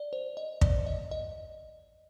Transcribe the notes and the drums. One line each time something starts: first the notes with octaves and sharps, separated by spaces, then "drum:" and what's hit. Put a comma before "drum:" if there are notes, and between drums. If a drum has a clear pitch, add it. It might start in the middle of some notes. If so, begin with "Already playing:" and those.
Already playing: D5
C5
D#5
D5, drum: kick
D#5
D#5